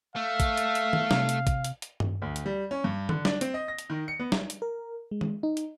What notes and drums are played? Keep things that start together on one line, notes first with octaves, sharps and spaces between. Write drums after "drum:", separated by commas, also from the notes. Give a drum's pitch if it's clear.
A3 E5 F5
drum: kick A1, hi-hat
drum: hi-hat
drum: hi-hat
drum: tom D#3
C3, drum: snare
drum: hi-hat
drum: kick A1, hi-hat
drum: hi-hat
drum: hi-hat
drum: tom G2
D2
drum: hi-hat
G3
C#4
G2
D3, drum: tom D#3
D4, drum: snare
C4, drum: hi-hat
D#5
A#6
drum: hi-hat
D#3
C#7
B3
drum: snare
drum: hi-hat
A#4
G#3
drum: tom D#3
D#4
drum: hi-hat